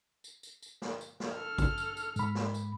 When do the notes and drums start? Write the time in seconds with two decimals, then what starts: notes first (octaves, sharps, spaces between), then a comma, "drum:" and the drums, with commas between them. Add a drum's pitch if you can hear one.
0.24 drum: tambourine
0.43 drum: tambourine
0.62 drum: tambourine
0.82 drum: snare
1.01 drum: tambourine
1.20 drum: snare
1.33 A4 F6
1.58 drum: kick, tambourine
1.78 drum: tambourine
1.97 drum: tambourine
2.16 G#2 B5, drum: tambourine
2.35 drum: snare
2.54 drum: tambourine